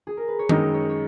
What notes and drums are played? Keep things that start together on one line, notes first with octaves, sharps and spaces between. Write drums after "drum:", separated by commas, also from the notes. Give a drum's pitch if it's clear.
G#4
A#4
B4
C#5
F#2 D#3 G#3 D#4 D#5, drum: tom D#3
C#5
C#5